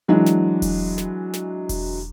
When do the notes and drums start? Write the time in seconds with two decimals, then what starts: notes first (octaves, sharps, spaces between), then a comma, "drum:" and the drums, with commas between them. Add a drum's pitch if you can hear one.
0.08 E3 F#3 G#3 D4
0.26 drum: snare
0.62 drum: kick E1, open hi-hat
0.98 drum: snare
1.33 drum: snare
1.69 drum: kick E1, open hi-hat